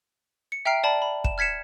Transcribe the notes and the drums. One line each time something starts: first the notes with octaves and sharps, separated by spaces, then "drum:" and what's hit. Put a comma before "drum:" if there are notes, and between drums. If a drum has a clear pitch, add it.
C#7
E5 G5 A#5 F6 C7 D7
D5 A5 B5
B5
E7, drum: kick
F6 G#6 B6 C#7 E7